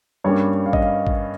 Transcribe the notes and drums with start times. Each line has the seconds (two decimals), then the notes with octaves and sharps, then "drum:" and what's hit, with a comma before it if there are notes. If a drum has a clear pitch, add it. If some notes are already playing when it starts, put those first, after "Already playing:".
0.24 G2 G3 A#3 C#4 C#5
0.66 F5
0.73 D#5, drum: kick G#1
0.82 F5
1.07 drum: kick G#1